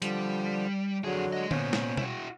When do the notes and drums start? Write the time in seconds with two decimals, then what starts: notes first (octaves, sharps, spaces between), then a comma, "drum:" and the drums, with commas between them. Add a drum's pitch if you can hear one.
0.02 D3 F3 G3, drum: hi-hat
1.04 F2 D3 F#3 G#4
1.33 G#3 D#5
1.51 A#2 B3 C#4 C5 C#5, drum: tom D3
1.73 drum: snare
1.97 E4 F#4, drum: tom B2